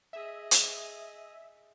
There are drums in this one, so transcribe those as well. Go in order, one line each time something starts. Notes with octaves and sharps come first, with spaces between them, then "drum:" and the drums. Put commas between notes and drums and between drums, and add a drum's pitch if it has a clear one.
G#4 D#5 E5
drum: hi-hat